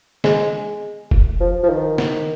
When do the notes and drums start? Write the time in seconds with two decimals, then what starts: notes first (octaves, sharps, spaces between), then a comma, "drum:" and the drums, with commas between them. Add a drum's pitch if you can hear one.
0.24 G#3, drum: snare
1.11 drum: kick F1
1.40 F3
1.63 F3
1.69 D#3
1.98 drum: snare